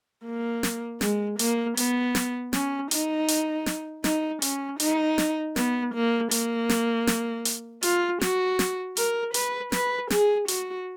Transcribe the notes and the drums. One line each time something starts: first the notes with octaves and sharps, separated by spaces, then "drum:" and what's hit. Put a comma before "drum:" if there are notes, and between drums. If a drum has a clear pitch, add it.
A#3
drum: snare
G#3, drum: snare
A#3, drum: hi-hat
B3, drum: hi-hat
drum: snare
C#4, drum: snare
D#4, drum: hi-hat
drum: hi-hat
drum: snare
D#4, drum: snare
C#4, drum: hi-hat
D#4, drum: hi-hat
drum: snare
B3, drum: snare
A#3
A#3, drum: hi-hat
drum: snare
drum: snare
drum: hi-hat
F4, drum: hi-hat
F#4, drum: snare
drum: snare
A#4, drum: hi-hat
B4, drum: hi-hat
B4, drum: snare
G#4, drum: snare
F#4, drum: hi-hat